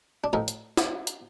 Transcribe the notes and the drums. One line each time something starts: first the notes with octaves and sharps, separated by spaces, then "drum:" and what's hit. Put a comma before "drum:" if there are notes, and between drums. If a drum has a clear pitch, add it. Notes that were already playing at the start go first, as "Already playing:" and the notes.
D4
A2 F3 D#4
drum: hi-hat
drum: snare
drum: hi-hat